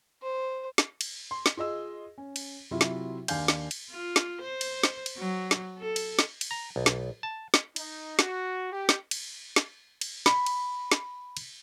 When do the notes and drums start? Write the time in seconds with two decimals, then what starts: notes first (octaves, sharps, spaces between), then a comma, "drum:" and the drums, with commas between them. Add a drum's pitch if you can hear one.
0.22 C5
0.78 drum: snare
1.01 drum: cymbal
1.31 C6
1.46 drum: snare
1.57 F4 G#4 D#5 E6
2.18 C#4
2.36 drum: cymbal
2.71 C3 F#3 E4 F4 E5
2.81 drum: snare
3.28 D#2 D4 D5 F5 G#5 G6, drum: cymbal
3.48 drum: snare
3.71 drum: cymbal
3.91 F4
4.16 drum: snare
4.42 C5
4.61 drum: cymbal
4.83 drum: snare
5.06 drum: cymbal
5.17 F#3
5.51 drum: snare
5.79 A4
5.96 drum: cymbal
6.19 drum: snare
6.41 drum: cymbal
6.51 A#5
6.76 B1
6.86 drum: snare
7.23 A5
7.54 drum: snare
7.76 D#4, drum: cymbal
8.19 F#4, drum: snare
8.72 G4
8.89 drum: snare
9.11 drum: cymbal
9.56 drum: snare
10.01 drum: cymbal
10.26 B5, drum: snare
10.46 drum: cymbal
10.92 drum: snare
11.37 drum: cymbal